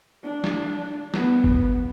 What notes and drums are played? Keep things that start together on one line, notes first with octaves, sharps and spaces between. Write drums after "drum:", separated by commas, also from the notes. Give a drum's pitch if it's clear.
D4
drum: snare
B3, drum: snare
drum: kick